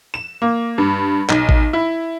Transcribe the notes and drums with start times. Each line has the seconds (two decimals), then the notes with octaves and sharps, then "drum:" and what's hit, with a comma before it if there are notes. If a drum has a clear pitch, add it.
0.14 E7
0.42 A#3
0.78 G2
1.29 B1, drum: clap
1.49 drum: kick A1
1.73 E4